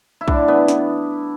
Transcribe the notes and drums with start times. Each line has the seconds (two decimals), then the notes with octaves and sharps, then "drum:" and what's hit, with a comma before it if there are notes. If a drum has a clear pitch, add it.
0.21 E4
0.28 A2 D3 D4, drum: kick B1
0.48 E3 B3
0.68 drum: snare